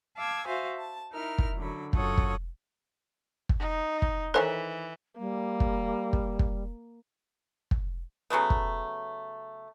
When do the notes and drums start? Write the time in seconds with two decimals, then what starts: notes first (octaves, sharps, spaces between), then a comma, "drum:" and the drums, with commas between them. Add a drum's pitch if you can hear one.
0.17 F5 A5 D6 E6 G#6
0.47 F#4 C5 E5 F5 G#5
0.77 A5
1.12 D#4 E4 A#4 F6
1.38 drum: kick
1.57 F#2 D3 F#3 B5
1.93 F#2 F4 A4 C#5 F#5 D#6, drum: kick
2.18 drum: kick
3.49 drum: kick
3.59 D#4
4.02 drum: kick
4.34 D#3 E3 A4 C5 C#5 G#5
5.18 G3 A#3
5.60 drum: kick
6.13 drum: kick
6.39 drum: kick
7.71 drum: kick
8.30 C#3 F#3 A3 B3
8.50 drum: kick